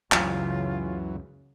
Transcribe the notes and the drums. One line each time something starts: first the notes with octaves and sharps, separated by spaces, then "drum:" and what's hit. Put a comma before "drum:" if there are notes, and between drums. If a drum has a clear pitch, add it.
C#2 F#2 C#3 E3 F#3 F4, drum: clap